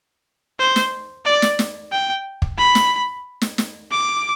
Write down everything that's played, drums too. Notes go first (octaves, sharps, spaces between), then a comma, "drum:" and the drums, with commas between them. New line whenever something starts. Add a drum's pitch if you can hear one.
C5
drum: snare
D5
drum: snare
drum: snare
G5
drum: kick
B5
drum: snare
drum: snare
drum: snare
D6